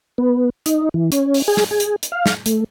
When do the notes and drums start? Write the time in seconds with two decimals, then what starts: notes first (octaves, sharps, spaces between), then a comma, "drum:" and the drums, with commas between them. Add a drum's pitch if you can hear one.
0.18 B3
0.66 D#4, drum: hi-hat
0.94 E3
1.12 C#4, drum: hi-hat
1.34 drum: open hi-hat
1.48 G#4
1.57 drum: snare
1.71 G#4
1.80 drum: hi-hat
2.03 drum: hi-hat
2.12 F5
2.26 drum: snare
2.46 A3, drum: hi-hat